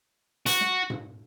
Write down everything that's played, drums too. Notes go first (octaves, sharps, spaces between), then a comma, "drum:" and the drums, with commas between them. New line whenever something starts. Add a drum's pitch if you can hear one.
F#4, drum: hi-hat
drum: snare
drum: tom G#2